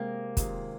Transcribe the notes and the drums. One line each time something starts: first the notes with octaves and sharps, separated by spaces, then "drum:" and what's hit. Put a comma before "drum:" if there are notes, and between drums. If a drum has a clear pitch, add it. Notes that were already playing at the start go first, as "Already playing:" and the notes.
Already playing: C3 G#3 A#3 C4 G#4
C3 D#3 C4 F4 G#4, drum: kick, hi-hat